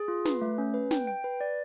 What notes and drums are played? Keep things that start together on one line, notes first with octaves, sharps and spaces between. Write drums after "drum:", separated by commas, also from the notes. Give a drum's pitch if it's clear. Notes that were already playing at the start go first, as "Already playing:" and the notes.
Already playing: G#4
F4
B4, drum: snare
A3
C#4
B4
G5, drum: snare
G5
B4
D5